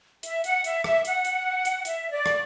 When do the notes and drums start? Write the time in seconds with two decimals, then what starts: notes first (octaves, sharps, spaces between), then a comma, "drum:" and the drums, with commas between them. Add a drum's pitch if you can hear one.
0.23 E5, drum: hi-hat
0.44 F#5, drum: hi-hat
0.64 E5, drum: hi-hat
0.84 E5, drum: rim click
1.05 F#5, drum: hi-hat
1.25 drum: hi-hat
1.65 drum: hi-hat
1.85 E5, drum: hi-hat
2.12 D5
2.26 drum: rim click